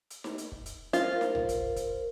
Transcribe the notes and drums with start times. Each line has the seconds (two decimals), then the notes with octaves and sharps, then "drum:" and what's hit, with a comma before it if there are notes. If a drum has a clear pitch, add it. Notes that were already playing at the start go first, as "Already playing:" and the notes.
0.10 drum: hi-hat
0.24 drum: snare D#4
0.38 drum: hi-hat
0.52 drum: kick
0.66 drum: hi-hat
0.93 F4 A#4 C5, drum: hi-hat
1.21 drum: snare D#4
1.35 drum: tom
1.49 drum: kick, hi-hat
1.76 drum: kick, hi-hat